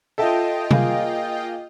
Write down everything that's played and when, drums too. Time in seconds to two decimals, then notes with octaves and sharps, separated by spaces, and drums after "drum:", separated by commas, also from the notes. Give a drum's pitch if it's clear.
0.18 F4 A4 D#5 E5 G5 A5
0.71 A#3 G#4, drum: tom C3